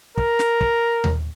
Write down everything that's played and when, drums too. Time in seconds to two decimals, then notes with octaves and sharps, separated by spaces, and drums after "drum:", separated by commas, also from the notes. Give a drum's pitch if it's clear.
0.18 A#4, drum: kick
0.39 drum: snare
0.61 drum: kick
1.04 drum: tom D#2